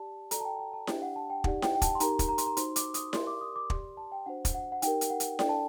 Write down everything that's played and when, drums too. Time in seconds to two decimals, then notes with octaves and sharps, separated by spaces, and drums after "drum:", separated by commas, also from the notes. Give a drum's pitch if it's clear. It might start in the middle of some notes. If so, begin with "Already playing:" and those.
Already playing: G4 D5 A5
0.31 F#4 A4 D5 A#5, drum: hi-hat
0.40 A5
0.45 G5
0.59 G5
0.73 A5
0.87 D4 G4 D5 G5, drum: snare E4
1.02 F#5
1.16 A5
1.30 G5
1.44 D#4 G4 D5 F#5, drum: kick
1.62 G5, drum: snare E4
1.75 G5
1.82 A5, drum: kick, hi-hat
1.95 C6
2.00 D#4 G4 A#4 A#5, drum: hi-hat
2.19 drum: kick, hi-hat
2.29 A#5
2.38 C6, drum: hi-hat
2.47 A#5
2.57 D#4 F#4 C5 C6, drum: hi-hat
2.76 D6, drum: hi-hat
2.94 D#6, drum: hi-hat
3.13 G4 A#4 D5 C6, drum: snare E4
3.27 D6
3.41 D#6
3.56 D6
3.70 G4 D5 C6, drum: kick
3.97 A5
4.12 G5
4.26 D4 F#4 C5 F#5
4.45 drum: kick, hi-hat
4.54 F#5
4.72 F#5
4.82 D#4 G4 A#4 G5, drum: hi-hat
5.01 drum: hi-hat
5.10 F#5
5.20 drum: hi-hat
5.39 D4 A4 D5 G5, drum: snare E4
5.49 A5